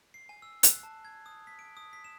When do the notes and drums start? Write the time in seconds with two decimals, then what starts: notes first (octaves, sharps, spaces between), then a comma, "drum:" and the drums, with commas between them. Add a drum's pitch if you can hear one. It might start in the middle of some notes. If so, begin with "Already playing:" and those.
0.14 C7
0.29 G#5
0.42 E6
0.63 F#6, drum: hi-hat
0.83 A5
1.05 G#6
1.26 D#6
1.47 B6
1.59 D7
1.77 D#6
1.93 B6
2.04 E7